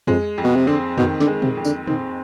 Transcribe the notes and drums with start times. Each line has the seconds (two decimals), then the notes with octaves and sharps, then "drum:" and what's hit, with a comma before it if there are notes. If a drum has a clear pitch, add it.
0.07 F2 G#3, drum: tom F2
0.38 F2
0.44 B2
0.56 C3
0.67 D3 C4
0.98 B2 D#3, drum: tom F2
1.20 D3, drum: snare
1.27 G#3
1.42 C3, drum: tom A#2
1.57 F2
1.65 D3, drum: tambourine
1.87 D#3 C4, drum: tom A#2